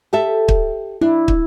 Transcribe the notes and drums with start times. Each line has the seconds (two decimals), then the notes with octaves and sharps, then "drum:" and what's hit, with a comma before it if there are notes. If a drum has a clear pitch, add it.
0.13 G4 A4 E5
0.48 drum: kick
1.01 D4 E4
1.28 drum: kick